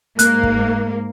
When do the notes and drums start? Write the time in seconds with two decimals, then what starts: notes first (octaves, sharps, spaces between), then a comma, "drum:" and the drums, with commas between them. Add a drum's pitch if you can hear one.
0.19 G#2 A#3 F#6, drum: hi-hat
0.43 drum: kick